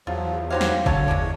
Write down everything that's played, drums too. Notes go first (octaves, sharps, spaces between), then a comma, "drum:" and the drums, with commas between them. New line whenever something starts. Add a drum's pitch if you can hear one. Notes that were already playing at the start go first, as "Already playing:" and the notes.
E2 F3 F#3 F4
D#4 F#4 G4 C5 C#5 F5
drum: snare
D3 F#3 C#5 F5 A5, drum: kick
E2 G#3 C#4 D4